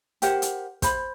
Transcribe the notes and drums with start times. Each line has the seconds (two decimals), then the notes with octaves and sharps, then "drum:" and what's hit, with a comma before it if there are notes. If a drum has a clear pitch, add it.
0.22 G4 A#4 C5 F#5, drum: hi-hat
0.42 drum: hi-hat
0.82 C5 B5, drum: kick, hi-hat